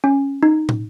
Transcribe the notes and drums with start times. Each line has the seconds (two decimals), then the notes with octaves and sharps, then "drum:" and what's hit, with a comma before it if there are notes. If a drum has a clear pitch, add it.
0.04 C#4
0.43 D#4
0.69 drum: tom